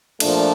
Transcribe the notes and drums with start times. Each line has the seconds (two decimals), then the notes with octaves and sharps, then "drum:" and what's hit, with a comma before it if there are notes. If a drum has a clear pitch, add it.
0.20 A#2 F3 A3 D4, drum: cymbal